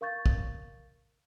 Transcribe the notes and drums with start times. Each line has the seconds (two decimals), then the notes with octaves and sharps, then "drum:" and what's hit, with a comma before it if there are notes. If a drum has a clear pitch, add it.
0.01 A#4 F5 C#6 G6 A6
0.26 drum: kick